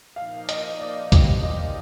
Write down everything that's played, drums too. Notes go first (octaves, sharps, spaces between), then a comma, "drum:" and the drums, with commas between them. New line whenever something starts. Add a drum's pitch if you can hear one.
A#2 F3 A#3 D#4 F5
D#5, drum: hi-hat
D5
G4, drum: kick C#2, hi-hat
D#5